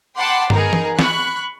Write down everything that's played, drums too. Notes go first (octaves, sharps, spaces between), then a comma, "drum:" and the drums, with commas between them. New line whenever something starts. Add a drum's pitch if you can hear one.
F#5 G5 A5 B5 C6 D6
B3 D#4 G#4 A#4, drum: tom
drum: tom E3
B5 C#6 F#6, drum: snare